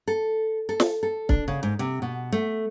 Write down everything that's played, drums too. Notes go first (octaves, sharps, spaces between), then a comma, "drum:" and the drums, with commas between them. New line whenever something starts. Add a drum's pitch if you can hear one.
A4
A4
drum: snare
A4
D4, drum: kick
C#3
G#2
C3
B2
A3